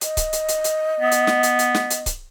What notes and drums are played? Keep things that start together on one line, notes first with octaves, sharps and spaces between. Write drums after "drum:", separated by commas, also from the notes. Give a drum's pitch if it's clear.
D#5, drum: hi-hat
drum: kick C#1, hi-hat
drum: hi-hat
drum: hi-hat
drum: hi-hat
B3
drum: hi-hat
drum: snare
drum: hi-hat
drum: hi-hat
drum: snare
drum: hi-hat
drum: kick C#1, hi-hat